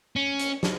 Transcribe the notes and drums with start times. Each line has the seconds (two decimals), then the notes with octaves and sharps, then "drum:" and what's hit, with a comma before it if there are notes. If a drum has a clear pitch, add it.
0.16 C#4
0.39 drum: hi-hat
0.63 drum: snare